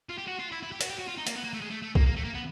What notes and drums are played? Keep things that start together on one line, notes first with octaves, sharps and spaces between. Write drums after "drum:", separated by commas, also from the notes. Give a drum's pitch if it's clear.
F4
G4
F#4
F4
E4
E4
G4
F#4, drum: hi-hat
G4
F#4
F4
D#4
A#3, drum: hi-hat
B3
A#3
A3
G#3
A3
A3
A#3, drum: kick C2
A#3
A3
A#3
B3